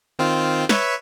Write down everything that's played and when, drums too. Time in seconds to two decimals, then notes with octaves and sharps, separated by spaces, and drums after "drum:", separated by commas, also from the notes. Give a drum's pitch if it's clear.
0.19 D#3 C4 F4
0.69 B4 C#5 E5, drum: snare